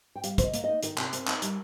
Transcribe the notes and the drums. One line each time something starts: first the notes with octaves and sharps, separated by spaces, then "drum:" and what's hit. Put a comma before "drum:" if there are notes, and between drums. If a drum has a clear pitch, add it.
G5
G3 F5, drum: hi-hat
C3 C5, drum: kick, hi-hat
D#5
A#3, drum: hi-hat
D#4 D#5
D#3 A#4, drum: hi-hat
C3, drum: clap
C4, drum: hi-hat
D#4, drum: clap
G3, drum: hi-hat